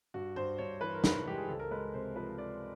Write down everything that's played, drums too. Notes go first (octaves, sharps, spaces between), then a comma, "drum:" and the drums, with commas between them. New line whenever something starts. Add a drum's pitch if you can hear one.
G2 F#4
G2 C5
G2 C#5
E3 B4
A#4
E3 B4, drum: snare
G#3 G4
G#4
C#2 A4
A#4
G#3 B4
C3 C5
F3 B4
F3 D5